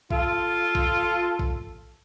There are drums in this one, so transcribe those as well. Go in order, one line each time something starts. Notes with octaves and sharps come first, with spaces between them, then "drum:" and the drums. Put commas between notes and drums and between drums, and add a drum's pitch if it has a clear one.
F4 A4, drum: kick
drum: kick
drum: kick